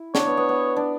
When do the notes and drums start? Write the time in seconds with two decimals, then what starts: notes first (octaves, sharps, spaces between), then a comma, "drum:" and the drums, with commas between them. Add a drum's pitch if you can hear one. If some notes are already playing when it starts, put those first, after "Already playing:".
Already playing: E4
0.15 D4 C#5, drum: snare
0.27 B3
0.37 B3
0.49 B3
0.77 D4